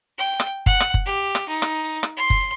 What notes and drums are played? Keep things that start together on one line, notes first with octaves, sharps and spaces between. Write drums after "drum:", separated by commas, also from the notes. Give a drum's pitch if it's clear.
G5
drum: rim click
F#5, drum: kick F#1
drum: rim click
drum: kick F#1
G4
drum: rim click
D#4
drum: rim click
drum: rim click
C6
drum: kick F#1